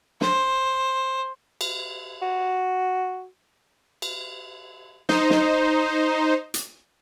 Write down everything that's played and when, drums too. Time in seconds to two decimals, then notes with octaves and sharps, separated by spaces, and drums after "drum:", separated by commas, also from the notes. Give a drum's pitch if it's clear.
0.21 C5, drum: snare
1.61 drum: cymbal
2.22 F#4
4.02 drum: cymbal
5.09 D#4 C5, drum: snare
5.30 drum: snare
6.54 drum: hi-hat